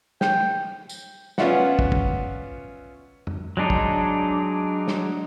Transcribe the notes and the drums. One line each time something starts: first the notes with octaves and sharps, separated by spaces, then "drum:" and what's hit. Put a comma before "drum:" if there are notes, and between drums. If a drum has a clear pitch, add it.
G5, drum: snare
drum: tambourine
B3 C#4 F4 D5 E5 F#5, drum: snare
drum: kick
drum: kick
drum: tom F2
F#3 G#3 D4 D#4
drum: kick
drum: snare